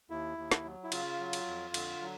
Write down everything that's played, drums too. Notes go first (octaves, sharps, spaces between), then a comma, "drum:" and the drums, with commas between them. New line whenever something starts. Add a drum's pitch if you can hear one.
D#2 E4
D#2
drum: snare
F#3
E4
C#3 F4, drum: cymbal
F#3
drum: cymbal
F2
D3, drum: cymbal
F#3